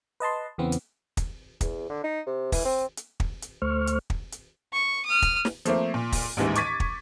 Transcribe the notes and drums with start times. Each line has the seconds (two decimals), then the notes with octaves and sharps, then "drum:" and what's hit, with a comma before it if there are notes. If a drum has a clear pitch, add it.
0.20 B4 D#5 A5 C6
0.58 E2 C#3 E3 B3 C4
0.72 drum: hi-hat
1.17 drum: kick, hi-hat
1.61 E2, drum: kick, hi-hat
1.90 D3
2.04 D#4
2.26 C3
2.52 E3, drum: kick, open hi-hat
2.65 C4
2.97 drum: hi-hat
3.20 drum: kick
3.42 drum: hi-hat
3.62 D2 A3 C5 C#6 F6
3.87 drum: hi-hat
4.10 drum: kick
4.32 drum: hi-hat
4.73 C#6
5.05 D#6 F6
5.22 drum: kick, hi-hat
5.45 drum: snare
5.66 F3 A3 A#3 C4, drum: hi-hat
5.94 A#2
6.12 drum: kick, open hi-hat
6.37 A1 D#2 G#2 E3
6.55 C#6 D6 G#6 A6 B6 D#7, drum: hi-hat
6.80 drum: kick